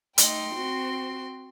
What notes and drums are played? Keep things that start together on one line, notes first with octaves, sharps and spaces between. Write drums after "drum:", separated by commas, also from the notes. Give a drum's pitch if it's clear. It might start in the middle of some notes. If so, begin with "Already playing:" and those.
A3 D#4 G5 C6, drum: hi-hat
C4 F#4